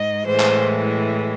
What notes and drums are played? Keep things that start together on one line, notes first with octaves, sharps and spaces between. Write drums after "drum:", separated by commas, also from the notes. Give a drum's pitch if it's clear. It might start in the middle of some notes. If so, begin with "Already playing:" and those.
Already playing: G#2 D#5
A2 E3 G#3 C5
drum: clap